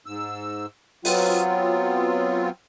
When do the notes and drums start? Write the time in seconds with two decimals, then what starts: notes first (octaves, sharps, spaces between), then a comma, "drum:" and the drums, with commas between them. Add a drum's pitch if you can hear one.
0.06 G#2 E6
1.05 F#3 B3 C4 F4, drum: open hi-hat